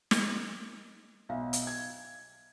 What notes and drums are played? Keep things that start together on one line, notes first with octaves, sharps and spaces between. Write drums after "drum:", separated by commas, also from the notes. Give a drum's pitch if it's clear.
drum: snare
B1 E5 F5
drum: hi-hat
G#6